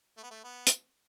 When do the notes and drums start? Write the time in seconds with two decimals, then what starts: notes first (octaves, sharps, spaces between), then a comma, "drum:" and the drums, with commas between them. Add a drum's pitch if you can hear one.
0.17 A3
0.23 B3
0.31 A3
0.44 B3
0.67 drum: hi-hat